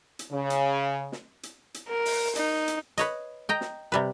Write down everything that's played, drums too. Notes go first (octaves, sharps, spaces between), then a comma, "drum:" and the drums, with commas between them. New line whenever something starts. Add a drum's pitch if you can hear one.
drum: hi-hat
C#3
drum: hi-hat
drum: snare
drum: hi-hat
drum: hi-hat
A#4
drum: open hi-hat
D#4, drum: hi-hat
drum: hi-hat
B4 C#5 D#5, drum: hi-hat
D#5 G5 A#5
drum: snare
C3 G3 B4